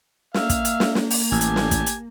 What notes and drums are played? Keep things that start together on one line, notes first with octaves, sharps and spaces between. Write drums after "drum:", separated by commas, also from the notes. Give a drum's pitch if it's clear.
A#3 E5 F5, drum: snare
drum: kick, hi-hat
drum: hi-hat
drum: snare
drum: snare
drum: open hi-hat
A1 G4 G#5 A5
drum: hi-hat
drum: snare
drum: kick, hi-hat
drum: hi-hat